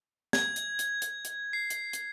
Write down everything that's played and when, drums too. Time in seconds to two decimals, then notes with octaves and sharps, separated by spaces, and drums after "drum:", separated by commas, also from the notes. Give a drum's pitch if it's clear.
0.33 G#6, drum: snare
0.56 drum: hi-hat
0.79 drum: hi-hat
1.02 drum: hi-hat
1.25 drum: hi-hat
1.53 C7
1.70 drum: hi-hat
1.93 drum: hi-hat